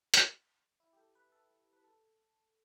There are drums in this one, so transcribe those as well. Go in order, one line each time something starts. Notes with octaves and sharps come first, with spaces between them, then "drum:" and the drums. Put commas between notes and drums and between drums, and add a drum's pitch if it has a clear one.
drum: hi-hat
E4
G4
A4
B4
A4
B4
A4